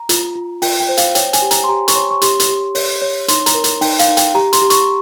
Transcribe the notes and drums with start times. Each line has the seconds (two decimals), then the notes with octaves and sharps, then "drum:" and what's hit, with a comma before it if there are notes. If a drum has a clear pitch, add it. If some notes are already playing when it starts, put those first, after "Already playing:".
Already playing: A#5
0.09 F4, drum: hi-hat
0.35 F4
0.62 F4 G5, drum: open hi-hat
0.80 G5
0.89 C5
0.97 F5, drum: hi-hat
1.15 C#5 G5, drum: hi-hat
1.33 G#5, drum: hi-hat
1.42 G4
1.51 A#5, drum: hi-hat
1.64 C6
1.69 G4 A#5
1.88 C#6, drum: hi-hat
1.95 C#5 C6
2.11 C#6
2.22 G4 C6, drum: hi-hat
2.40 drum: hi-hat
2.49 G4
2.75 C#5, drum: open hi-hat
3.02 C#5
3.28 D#4 C6, drum: hi-hat
3.46 A#5, drum: hi-hat
3.54 A#4
3.64 drum: hi-hat
3.81 D#4 G5, drum: open hi-hat
3.99 F5, drum: hi-hat
4.08 D#4
4.17 G5, drum: hi-hat
4.34 G4 A#5
4.53 C6, drum: hi-hat
4.62 G4
4.70 C#6, drum: hi-hat